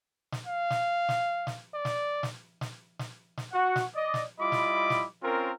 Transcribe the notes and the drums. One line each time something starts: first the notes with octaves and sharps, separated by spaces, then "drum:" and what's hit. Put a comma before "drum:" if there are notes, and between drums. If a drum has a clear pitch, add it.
drum: snare
F5
drum: snare
drum: snare
drum: snare
D5
drum: snare
drum: snare
drum: snare
drum: snare
drum: snare
F#4 F#5
drum: snare
D5 D#5
drum: snare
G3 E4 F4 D#5 B5 D6
drum: snare
drum: snare
C4 C#4 F4 A#4